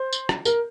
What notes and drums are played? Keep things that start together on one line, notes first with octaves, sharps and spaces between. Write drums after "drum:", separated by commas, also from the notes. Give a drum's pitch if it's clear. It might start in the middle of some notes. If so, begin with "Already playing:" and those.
Already playing: C5
drum: tambourine
drum: rim click
A#4, drum: tambourine